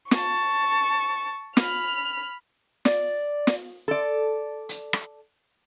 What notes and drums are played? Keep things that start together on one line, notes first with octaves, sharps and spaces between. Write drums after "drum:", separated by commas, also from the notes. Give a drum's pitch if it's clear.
A5 C#6, drum: snare
B5 F6, drum: snare
D5, drum: snare
drum: snare
A4 D5
drum: hi-hat
drum: rim click